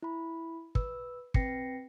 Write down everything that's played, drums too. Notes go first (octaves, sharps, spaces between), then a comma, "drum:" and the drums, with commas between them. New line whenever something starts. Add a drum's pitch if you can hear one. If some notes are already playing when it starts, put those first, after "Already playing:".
E4 B5
B4 E6, drum: kick
C4 B4 G5 A#6 C7 C#7, drum: kick